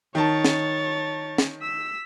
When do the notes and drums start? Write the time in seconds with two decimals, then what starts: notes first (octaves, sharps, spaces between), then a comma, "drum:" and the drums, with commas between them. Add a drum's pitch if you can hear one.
0.15 D#3 C#5 A5 A6
0.45 drum: snare
1.38 drum: snare
1.62 E6 B6